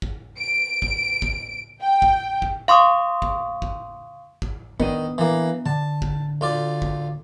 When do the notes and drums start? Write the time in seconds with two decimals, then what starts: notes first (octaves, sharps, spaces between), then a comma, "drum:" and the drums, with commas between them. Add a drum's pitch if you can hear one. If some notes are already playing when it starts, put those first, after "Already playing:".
0.02 drum: kick
0.40 D7
0.82 drum: kick
1.22 drum: kick
1.82 G5
2.02 drum: kick
2.42 drum: kick
2.68 F5 C6 C#6 D#6
3.22 drum: kick
3.62 drum: kick
4.42 drum: kick
4.80 D#3 B3 D4 D#5, drum: kick
5.18 E3 A#3
5.66 D3 A5
6.02 drum: kick
6.41 D2 F4 D5
6.82 drum: kick